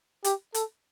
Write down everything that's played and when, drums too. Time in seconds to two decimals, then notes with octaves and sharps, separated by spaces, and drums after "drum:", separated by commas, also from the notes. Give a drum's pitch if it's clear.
0.24 G4, drum: hi-hat
0.54 A4, drum: hi-hat